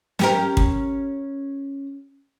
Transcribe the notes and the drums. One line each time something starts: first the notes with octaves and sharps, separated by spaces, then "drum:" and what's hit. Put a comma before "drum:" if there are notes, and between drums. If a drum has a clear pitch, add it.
C#4 G4 A#4, drum: snare
drum: kick